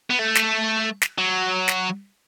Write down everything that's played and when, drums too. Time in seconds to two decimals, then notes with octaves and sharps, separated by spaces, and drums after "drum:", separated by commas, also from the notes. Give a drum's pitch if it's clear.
0.10 B3
0.19 A3
0.35 drum: snare
1.02 drum: snare
1.18 F#3
1.68 drum: snare